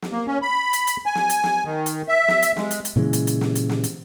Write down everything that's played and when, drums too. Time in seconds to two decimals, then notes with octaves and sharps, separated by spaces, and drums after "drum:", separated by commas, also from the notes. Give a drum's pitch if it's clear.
0.02 drum: snare
0.12 A#3
0.27 C#4
0.42 B5
0.73 drum: hi-hat
0.87 drum: hi-hat
1.06 G#5
1.15 drum: snare
1.29 drum: hi-hat
1.44 drum: snare
1.65 D#3
1.86 drum: hi-hat
2.08 E5
2.28 drum: snare
2.42 drum: hi-hat
2.57 G#3, drum: snare
2.71 drum: hi-hat
2.85 drum: hi-hat
2.96 A#2 C#3 E3 G#3
3.13 drum: hi-hat
3.27 drum: hi-hat
3.41 drum: snare
3.55 drum: hi-hat
3.69 drum: snare
3.84 drum: hi-hat